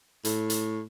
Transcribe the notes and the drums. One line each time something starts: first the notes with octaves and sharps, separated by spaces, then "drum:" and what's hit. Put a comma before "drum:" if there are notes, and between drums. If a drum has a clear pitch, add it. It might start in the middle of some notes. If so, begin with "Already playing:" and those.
A2, drum: hi-hat
drum: hi-hat